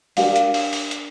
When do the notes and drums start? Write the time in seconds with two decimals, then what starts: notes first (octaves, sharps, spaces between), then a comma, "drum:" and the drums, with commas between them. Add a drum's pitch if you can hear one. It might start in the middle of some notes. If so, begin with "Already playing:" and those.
0.17 D4 G4 A#4 F5 G5, drum: open hi-hat
0.36 drum: hi-hat
0.54 drum: open hi-hat
0.73 drum: open hi-hat
0.91 drum: hi-hat